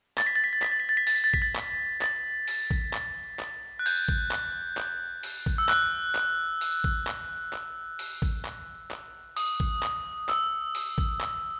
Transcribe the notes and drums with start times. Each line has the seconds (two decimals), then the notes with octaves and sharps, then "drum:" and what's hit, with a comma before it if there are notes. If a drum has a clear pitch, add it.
0.18 A6, drum: clap
0.27 B6
0.36 A6
0.44 B6
0.53 A6
0.62 B6, drum: clap
0.71 A6
0.80 B6
0.89 A6
0.97 B6
1.07 A6, drum: open hi-hat
1.15 B6
1.24 A6
1.34 B6, drum: kick A1
1.42 A6
1.56 drum: clap
2.02 A6, drum: clap
2.48 drum: open hi-hat
2.71 drum: kick A1
2.94 drum: clap
3.39 drum: clap
3.79 F#6
3.86 G6, drum: open hi-hat
4.08 drum: kick A1
4.31 drum: clap
4.77 drum: clap
5.23 drum: open hi-hat
5.46 drum: kick A1
5.58 E6
5.69 F#6, drum: clap
6.15 drum: clap
6.61 drum: open hi-hat
6.84 drum: kick A1
7.07 drum: clap
7.53 drum: clap
7.99 drum: open hi-hat
8.22 drum: kick A1
8.45 drum: clap
8.91 drum: clap
9.37 D#6, drum: open hi-hat
9.60 drum: kick A1
9.83 drum: clap
10.29 E6, drum: clap
10.75 drum: open hi-hat
10.98 drum: kick A1
11.21 drum: clap